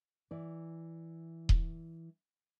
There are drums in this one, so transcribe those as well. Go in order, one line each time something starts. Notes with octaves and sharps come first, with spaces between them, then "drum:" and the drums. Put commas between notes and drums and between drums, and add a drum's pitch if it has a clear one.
E3 D5
drum: kick D#1